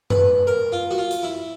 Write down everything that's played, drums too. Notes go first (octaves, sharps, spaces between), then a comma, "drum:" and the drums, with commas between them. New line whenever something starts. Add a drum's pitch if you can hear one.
B4, drum: tom F#2
A#4
F4
F#4
F4
drum: hi-hat
E4